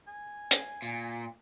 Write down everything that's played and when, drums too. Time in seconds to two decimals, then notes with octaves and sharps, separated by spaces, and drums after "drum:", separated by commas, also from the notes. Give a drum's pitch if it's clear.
0.08 G#5
0.51 drum: hi-hat
0.82 A#2